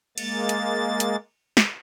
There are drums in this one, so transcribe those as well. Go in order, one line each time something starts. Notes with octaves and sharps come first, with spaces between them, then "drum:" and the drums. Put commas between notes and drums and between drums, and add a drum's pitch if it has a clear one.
G#3 A#3 A6, drum: cymbal
drum: hi-hat
drum: hi-hat
drum: snare